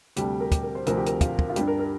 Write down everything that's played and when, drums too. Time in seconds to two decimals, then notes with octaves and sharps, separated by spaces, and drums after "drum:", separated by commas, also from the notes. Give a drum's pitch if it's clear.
0.16 D2 C3 G3 D4 G4, drum: hi-hat
0.40 A#4
0.52 G4, drum: kick, hi-hat
0.63 A#4
0.75 C5
0.87 D2 C3 F3 C4 A#4, drum: hi-hat
0.97 G4
1.06 A#4, drum: hi-hat
1.21 F4, drum: kick, hi-hat
1.39 drum: kick
1.50 F4
1.56 G2 G3 D4 G4, drum: hi-hat
1.68 A#4
1.79 A#4